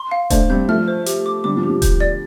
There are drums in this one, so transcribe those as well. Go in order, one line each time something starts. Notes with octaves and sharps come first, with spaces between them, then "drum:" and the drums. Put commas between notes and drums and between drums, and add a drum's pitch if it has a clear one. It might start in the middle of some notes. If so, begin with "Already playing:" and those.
Already playing: C6
F5
A3 D4 C5, drum: kick D#1, hi-hat
G3 C4 G6
F3 A3 F6
C5
G4, drum: hi-hat
D6
D3 G3 D6
F3
G4
F3
G6, drum: kick D#1, hi-hat
D5